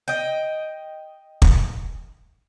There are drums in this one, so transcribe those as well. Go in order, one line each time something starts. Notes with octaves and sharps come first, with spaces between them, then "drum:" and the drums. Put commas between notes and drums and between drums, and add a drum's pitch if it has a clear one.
D#5 G5
drum: kick